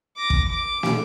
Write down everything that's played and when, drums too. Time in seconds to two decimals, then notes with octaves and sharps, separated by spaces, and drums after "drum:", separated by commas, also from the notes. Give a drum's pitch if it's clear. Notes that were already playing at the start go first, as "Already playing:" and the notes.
0.17 D6 A#6
0.30 drum: kick
0.49 D6
0.83 drum: snare